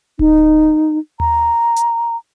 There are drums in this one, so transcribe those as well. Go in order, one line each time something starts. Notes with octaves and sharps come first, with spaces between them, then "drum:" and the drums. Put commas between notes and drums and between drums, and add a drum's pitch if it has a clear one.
D#4, drum: kick D1
A#5, drum: tom D#2
drum: hi-hat